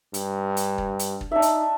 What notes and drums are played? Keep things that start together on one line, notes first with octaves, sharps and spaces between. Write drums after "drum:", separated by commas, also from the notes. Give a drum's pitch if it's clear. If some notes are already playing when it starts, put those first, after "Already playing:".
G2, drum: hi-hat
drum: hi-hat
drum: kick
drum: hi-hat
drum: kick
D4 D#4 E5
drum: hi-hat